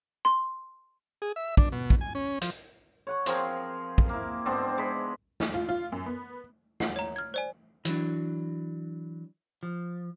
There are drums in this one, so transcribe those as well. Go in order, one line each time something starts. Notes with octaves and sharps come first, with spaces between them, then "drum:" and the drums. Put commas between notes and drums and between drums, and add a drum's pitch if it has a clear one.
C6
G#4
E5
D4, drum: kick
B2
drum: kick
G#5
C#4
F3, drum: hi-hat
C#5 F#5 C#6
F3 C4 G#4 A#4, drum: hi-hat
drum: kick
A#3 E4
G#2 B3 C4 D4
G#3 B5
drum: snare
F4
F4
F#2
B3
F#5, drum: snare
C#5 A#5
F6 G#6
C5 D5 G#5
E3 F#3 D4, drum: hi-hat
F3